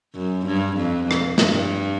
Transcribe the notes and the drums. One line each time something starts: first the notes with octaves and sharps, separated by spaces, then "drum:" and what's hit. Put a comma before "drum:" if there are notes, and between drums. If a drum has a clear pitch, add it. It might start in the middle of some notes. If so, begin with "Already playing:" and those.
F#2
G2
F2
drum: rim click
G2, drum: snare